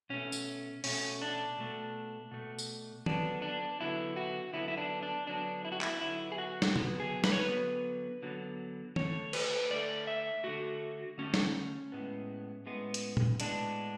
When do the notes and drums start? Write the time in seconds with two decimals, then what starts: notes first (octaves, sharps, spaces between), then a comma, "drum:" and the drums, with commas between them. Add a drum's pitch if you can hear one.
0.10 B2 A3 C#4
0.32 drum: tambourine
0.84 B2 A3 C#4, drum: open hi-hat
1.22 D4
1.58 B2 A3
2.31 B2 A3
2.58 drum: tambourine
3.06 D3 F#3 B3 D4, drum: tom
3.42 D4
3.80 D3 F#3 B3 E4
4.16 F#4
4.53 D3 F#3 B3 E4
4.68 E4
4.77 D4
5.03 D4
5.27 D3 F#3 B3 D4
5.65 E4
5.72 F#4
5.81 E4, drum: clap
6.01 D3 F#3 B3 E4
6.32 G#4
6.38 F#4
6.62 drum: snare
6.76 D3 F#3 B3, drum: tom
7.00 G#4
7.24 B4, drum: snare
7.32 C#5
7.39 B4
7.48 D3 F#3 B3
8.23 D3 F#3 B3
8.96 D3 A3 C#5, drum: tom
9.33 B4, drum: cymbal
9.70 D3 A3 D5
10.07 E5
10.44 D3 A3 F#4
11.18 D3 A3 C#4
11.34 drum: snare
11.92 A2 G#3 B3
12.66 A2 G#3 B3
12.94 drum: hi-hat
13.17 drum: tom A#2
13.40 A2 G#3 B3 D4, drum: hi-hat